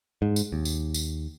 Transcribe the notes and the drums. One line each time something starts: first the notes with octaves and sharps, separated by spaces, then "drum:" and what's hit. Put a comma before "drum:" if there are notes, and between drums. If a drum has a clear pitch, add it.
G#2
drum: tambourine
D#2
drum: tambourine
drum: tambourine